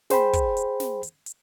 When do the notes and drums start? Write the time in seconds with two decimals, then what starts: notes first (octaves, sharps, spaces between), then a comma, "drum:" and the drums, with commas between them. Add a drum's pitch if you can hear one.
0.10 G#4 C5 G5 B5, drum: snare
0.33 drum: kick, hi-hat
0.57 drum: hi-hat
0.80 drum: snare
1.03 drum: hi-hat
1.26 drum: hi-hat